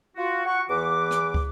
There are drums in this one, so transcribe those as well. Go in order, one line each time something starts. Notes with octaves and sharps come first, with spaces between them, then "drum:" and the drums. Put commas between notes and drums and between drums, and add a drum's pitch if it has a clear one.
F4 F#4
F#5 C#6
E2 E3 B4 D6
drum: rim click
drum: kick